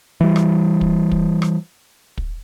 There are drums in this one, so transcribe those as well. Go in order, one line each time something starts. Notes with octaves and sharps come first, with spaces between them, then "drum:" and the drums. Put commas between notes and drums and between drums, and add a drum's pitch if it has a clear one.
E3 G3
drum: rim click
drum: kick
drum: kick
drum: rim click
drum: kick